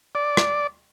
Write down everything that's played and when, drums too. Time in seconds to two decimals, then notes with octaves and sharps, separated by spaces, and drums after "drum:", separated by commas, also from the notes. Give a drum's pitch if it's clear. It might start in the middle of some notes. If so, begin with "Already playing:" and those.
0.15 D5
0.37 drum: rim click